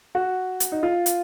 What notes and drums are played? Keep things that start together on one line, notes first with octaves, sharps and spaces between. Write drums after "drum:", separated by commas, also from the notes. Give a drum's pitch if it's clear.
F#4
drum: hi-hat
D#4
F4
drum: hi-hat